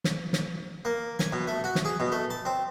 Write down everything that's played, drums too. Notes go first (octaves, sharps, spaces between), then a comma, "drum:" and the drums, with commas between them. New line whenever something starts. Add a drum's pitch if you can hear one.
drum: snare
drum: snare
A#3
G#5, drum: snare
B2
A3
F#4
drum: snare
G#4
B2
A3
A5
C4